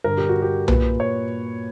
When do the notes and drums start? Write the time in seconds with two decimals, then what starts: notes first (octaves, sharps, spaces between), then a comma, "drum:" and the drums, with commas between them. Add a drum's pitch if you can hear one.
0.04 G2 D3 A#4
0.18 G4
0.29 F#4
0.42 G4
0.68 A#2 B4, drum: tom B1
1.00 C#5